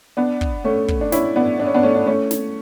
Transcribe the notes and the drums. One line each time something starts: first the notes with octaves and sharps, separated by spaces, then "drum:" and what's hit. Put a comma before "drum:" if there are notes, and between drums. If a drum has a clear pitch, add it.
B3 D4
drum: kick
A3 C#4
drum: kick
D4
C#4 E4, drum: snare
B3 D4
D4
C#4
B3 D4
A3 C#4
D4
A3 C#4
drum: snare